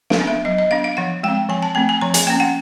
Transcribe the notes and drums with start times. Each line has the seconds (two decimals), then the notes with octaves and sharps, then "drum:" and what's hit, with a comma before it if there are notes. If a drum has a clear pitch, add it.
0.10 F5, drum: snare
0.20 B3 D4
0.27 E5
0.45 F#3 D#5
0.58 D#5
0.71 B3 D4 F5
0.84 F5
0.97 F3 F#5
1.23 G#3 C4 G5
1.49 F3 G#5
1.63 A5
1.75 A3 C4 G#5
1.89 G#5
2.01 F3 A#5
2.14 G#5, drum: hi-hat
2.27 A#3 C#4 G5
2.40 F#5